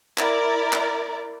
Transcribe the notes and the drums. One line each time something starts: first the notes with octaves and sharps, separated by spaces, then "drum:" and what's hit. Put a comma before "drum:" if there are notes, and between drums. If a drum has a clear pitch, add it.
E4 A#4 D5, drum: clap
drum: clap